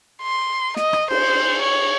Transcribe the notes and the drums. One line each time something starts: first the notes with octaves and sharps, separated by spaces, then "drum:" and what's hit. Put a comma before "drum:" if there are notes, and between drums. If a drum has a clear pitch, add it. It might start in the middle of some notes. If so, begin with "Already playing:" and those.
C6
D#5, drum: snare
drum: rim click
C5, drum: cymbal
C#5